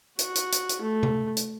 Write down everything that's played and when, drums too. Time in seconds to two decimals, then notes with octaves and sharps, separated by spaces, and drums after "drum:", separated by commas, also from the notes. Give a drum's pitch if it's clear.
0.19 F#4, drum: hi-hat
0.35 drum: hi-hat
0.52 drum: hi-hat
0.69 drum: hi-hat
0.81 A3
1.03 drum: tom C3
1.37 drum: hi-hat